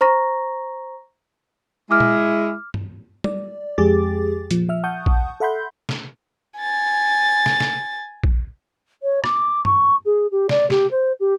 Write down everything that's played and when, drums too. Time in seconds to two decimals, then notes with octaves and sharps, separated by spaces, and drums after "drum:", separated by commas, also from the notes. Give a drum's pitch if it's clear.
0.01 C5 A#5 C#6 A#6
1.91 G#3 E4 D6 F6
2.00 drum: tom
2.74 drum: tom
3.24 D5, drum: tom G3
3.78 F2 G#3 G4 G#4 D6 A6
4.51 A#2 F3, drum: hi-hat
4.69 F3 E5 F6
4.84 F#5 A5 C#6 D#6 G6
5.06 drum: kick A#1
5.40 A4 E5 F#5 B5 C6 G6
5.89 drum: snare
6.58 G#5 A6
7.46 drum: snare
7.60 drum: snare
8.24 drum: kick A#1
9.03 C#5
9.24 D6, drum: rim click
9.65 C#6, drum: tom
10.05 G#4
10.31 G4
10.49 D5, drum: snare
10.70 G4, drum: snare
10.91 C5
11.20 G4